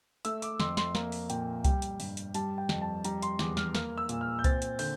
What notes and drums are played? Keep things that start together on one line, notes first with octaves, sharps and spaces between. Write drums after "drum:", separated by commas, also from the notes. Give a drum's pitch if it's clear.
A3 E6, drum: hi-hat
D6, drum: hi-hat
F2 C6, drum: snare
C6, drum: snare
A#3 A#5, drum: snare
drum: open hi-hat
A#2 G5, drum: hi-hat
G3 G5, drum: kick C2, hi-hat
drum: hi-hat
G2, drum: open hi-hat
drum: hi-hat
G3 A5, drum: hi-hat
G5
F2, drum: snare
A5
G3 A#5, drum: hi-hat
C6, drum: hi-hat
E2 D6, drum: snare
F6, drum: snare
A#3 F6, drum: snare
E6
A#2, drum: hi-hat
F6
G6
C4 A6, drum: kick C2, hi-hat
drum: hi-hat
D3 G6, drum: open hi-hat